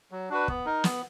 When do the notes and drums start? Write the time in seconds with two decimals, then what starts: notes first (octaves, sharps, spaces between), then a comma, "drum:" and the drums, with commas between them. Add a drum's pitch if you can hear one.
0.11 F#3
0.29 D4 F#4 B4
0.48 B3, drum: kick
0.66 D#4 A#4
0.84 B3, drum: snare